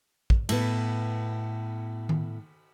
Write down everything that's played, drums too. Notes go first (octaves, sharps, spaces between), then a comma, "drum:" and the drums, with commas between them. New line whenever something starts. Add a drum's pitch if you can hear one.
drum: kick
A2 B3, drum: cymbal
drum: tom D#3